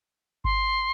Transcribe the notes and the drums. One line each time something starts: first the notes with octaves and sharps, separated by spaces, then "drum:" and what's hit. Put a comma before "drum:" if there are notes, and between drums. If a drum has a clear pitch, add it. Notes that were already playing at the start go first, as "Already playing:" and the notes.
C6, drum: kick G1